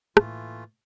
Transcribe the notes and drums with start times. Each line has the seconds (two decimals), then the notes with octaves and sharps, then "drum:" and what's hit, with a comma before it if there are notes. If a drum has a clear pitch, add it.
0.17 A2 E3 A3 A#3 F4, drum: rim click